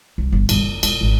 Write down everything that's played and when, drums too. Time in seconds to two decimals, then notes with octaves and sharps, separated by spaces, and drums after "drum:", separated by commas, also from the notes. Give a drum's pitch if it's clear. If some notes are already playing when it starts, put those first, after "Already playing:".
0.18 C2
0.32 G1
0.49 G1, drum: cymbal
0.63 F#1
0.83 E1, drum: cymbal
1.01 G#1